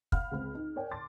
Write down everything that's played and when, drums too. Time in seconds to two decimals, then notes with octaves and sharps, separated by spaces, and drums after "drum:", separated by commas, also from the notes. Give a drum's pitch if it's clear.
0.12 F5 F#5 B5 F6, drum: kick
0.31 C#2 C4 B5
0.55 D#4
0.76 A#4 C#5 D5 G5 G#5
0.91 A5 C6 D6 A6